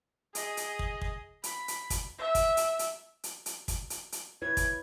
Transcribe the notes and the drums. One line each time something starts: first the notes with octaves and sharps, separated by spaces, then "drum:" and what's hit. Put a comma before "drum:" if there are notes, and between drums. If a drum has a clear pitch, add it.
G#4 D#5, drum: hi-hat
drum: hi-hat
drum: kick
drum: kick
B5, drum: hi-hat
drum: hi-hat
drum: kick, hi-hat
E5
drum: kick, hi-hat
drum: hi-hat
drum: hi-hat
drum: hi-hat
drum: hi-hat
drum: kick, hi-hat
drum: hi-hat
drum: hi-hat
E4 B4 C#5 G#6
drum: kick, hi-hat